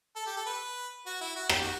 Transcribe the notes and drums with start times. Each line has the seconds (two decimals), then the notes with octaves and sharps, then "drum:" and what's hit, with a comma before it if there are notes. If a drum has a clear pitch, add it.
0.16 A4
0.26 G4
0.36 A4
0.46 B4
1.06 F#4
1.21 E4
1.36 F#4
1.49 G4, drum: rim click
1.62 F#4